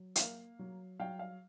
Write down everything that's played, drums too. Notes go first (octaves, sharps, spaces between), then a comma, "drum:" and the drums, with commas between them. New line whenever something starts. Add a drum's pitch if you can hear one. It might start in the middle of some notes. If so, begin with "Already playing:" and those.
Already playing: F#3
E5, drum: hi-hat
A#3 F5
F#3
F#3 F5 G5
F5